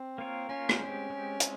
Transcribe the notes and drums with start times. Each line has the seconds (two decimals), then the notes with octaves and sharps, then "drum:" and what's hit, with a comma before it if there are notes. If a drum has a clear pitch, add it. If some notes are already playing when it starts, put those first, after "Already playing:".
Already playing: C4
0.18 A#3 F4 A#4 C#5
0.49 A#3 C#4 F4 A#4 C#5
0.69 drum: rim click
0.80 G#3 C4 G4
1.10 G#3 C4 G4
1.40 G#3 C4, drum: hi-hat